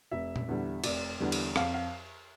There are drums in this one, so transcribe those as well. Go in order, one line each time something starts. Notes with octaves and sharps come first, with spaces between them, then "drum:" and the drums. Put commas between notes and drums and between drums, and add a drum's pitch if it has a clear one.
F1 E5
drum: tom A#2
E2 D3 G3
F1 D5, drum: cymbal
E2 D3 G3
drum: cymbal
F2 F5, drum: rim click
F5